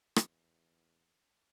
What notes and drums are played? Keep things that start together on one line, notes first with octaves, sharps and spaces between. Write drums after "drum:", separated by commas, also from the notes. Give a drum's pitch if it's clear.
E2, drum: rim click